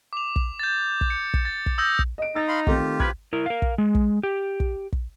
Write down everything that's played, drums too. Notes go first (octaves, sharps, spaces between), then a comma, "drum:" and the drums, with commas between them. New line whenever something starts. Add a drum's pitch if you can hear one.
D6 F7
drum: kick
G6 A6
drum: kick
C#7
drum: kick
A6
drum: kick
D#6 E6 G6 A#6
drum: kick
D#5 D7
D#4 E6 A6
F5 B5 C6
D#3 A3 C4 F4 G4, drum: kick
C4 E4 B4 F6 G#6, drum: kick
E4 A#4
A#4 F5
drum: kick
G#3
drum: kick
G4
drum: kick
drum: kick